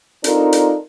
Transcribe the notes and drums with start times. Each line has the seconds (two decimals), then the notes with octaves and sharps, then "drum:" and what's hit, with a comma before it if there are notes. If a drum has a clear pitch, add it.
0.24 C4 D4 D#4 F4 A4 A#4, drum: hi-hat
0.53 drum: hi-hat